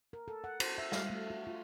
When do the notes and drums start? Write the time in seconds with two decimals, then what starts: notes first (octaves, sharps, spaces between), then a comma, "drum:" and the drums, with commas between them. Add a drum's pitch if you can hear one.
0.13 A#4
0.28 A4
0.44 F#5
0.60 C5, drum: cymbal
0.78 E5
0.92 F5, drum: snare
1.10 A3
1.30 F#4
1.47 F4